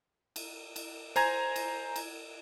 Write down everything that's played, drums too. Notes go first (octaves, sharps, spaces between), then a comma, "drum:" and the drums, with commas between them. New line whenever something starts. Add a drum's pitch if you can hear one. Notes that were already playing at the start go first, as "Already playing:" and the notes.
drum: cymbal
drum: cymbal
C5 G#5 A#5 G#6, drum: cymbal
drum: cymbal
drum: cymbal